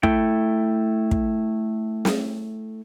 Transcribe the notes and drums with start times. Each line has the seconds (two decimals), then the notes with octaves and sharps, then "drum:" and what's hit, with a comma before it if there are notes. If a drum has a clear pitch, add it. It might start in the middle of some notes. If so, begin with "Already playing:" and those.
0.03 A3 E4 G5, drum: kick
1.11 drum: kick
2.05 drum: snare